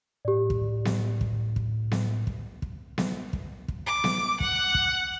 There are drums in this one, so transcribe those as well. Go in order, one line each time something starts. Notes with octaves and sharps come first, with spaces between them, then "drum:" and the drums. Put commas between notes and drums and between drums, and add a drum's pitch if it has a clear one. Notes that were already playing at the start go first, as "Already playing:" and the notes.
A2 G4 D5
drum: kick
drum: snare B3
drum: kick
drum: kick
drum: snare B3
drum: kick
drum: kick
drum: snare B3
drum: kick
drum: kick
D6
drum: snare B3
F#5, drum: kick
drum: kick